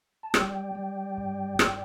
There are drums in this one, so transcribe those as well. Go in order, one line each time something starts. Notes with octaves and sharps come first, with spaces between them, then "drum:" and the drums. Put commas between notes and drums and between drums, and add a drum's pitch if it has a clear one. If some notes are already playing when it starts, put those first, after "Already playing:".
A5
G3 D5 G5, drum: rim click
G3
G2
G2, drum: rim click